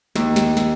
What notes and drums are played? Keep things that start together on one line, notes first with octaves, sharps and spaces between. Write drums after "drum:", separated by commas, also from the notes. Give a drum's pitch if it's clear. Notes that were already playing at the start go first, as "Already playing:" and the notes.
D#2, drum: snare
drum: snare
drum: snare